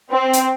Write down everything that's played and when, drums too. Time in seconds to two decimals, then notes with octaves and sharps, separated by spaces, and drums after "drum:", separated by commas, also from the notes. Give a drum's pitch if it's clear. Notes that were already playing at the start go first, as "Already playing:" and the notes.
0.12 C4
0.33 drum: hi-hat